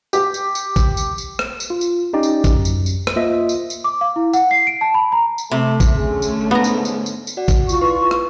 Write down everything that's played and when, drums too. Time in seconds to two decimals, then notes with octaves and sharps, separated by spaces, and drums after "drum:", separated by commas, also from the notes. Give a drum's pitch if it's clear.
0.13 G4, drum: tambourine
0.34 drum: tambourine
0.55 drum: tambourine
0.76 drum: kick, tambourine
0.97 drum: tambourine
1.18 drum: tambourine
1.39 drum: rim click
1.60 drum: tambourine
1.70 F4
1.81 drum: tambourine
2.13 C#4 D#4 G4 D5
2.23 drum: tambourine
2.44 drum: kick, tambourine
2.55 F#2
2.65 drum: tambourine
2.86 drum: tambourine
3.07 drum: rim click
3.16 A#3 F4 C5 D#5 E5
3.49 drum: tambourine
3.70 drum: tambourine
3.84 D6
4.01 F5
4.16 E4
4.33 F#5, drum: tambourine
4.51 C7
4.67 D7
4.81 A5
4.94 B5
5.12 A#5
5.38 drum: tambourine
5.51 C3 A3
5.80 drum: kick, tambourine
5.95 D3 A3 C#4 G#4
6.22 drum: tambourine
6.51 G#2 B3 A#5
6.64 drum: tambourine
6.85 drum: tambourine
7.06 drum: tambourine
7.27 drum: tambourine
7.37 F#4 D5 F#5
7.48 drum: kick, tambourine
7.69 F4 C#6, drum: tambourine
7.81 E4 B4
8.11 drum: rim click